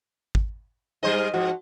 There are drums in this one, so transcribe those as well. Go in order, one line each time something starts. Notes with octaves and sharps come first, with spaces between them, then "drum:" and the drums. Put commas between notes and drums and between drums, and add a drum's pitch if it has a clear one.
drum: kick
G#2 G3 C5 D#5
G#2 F3 F#4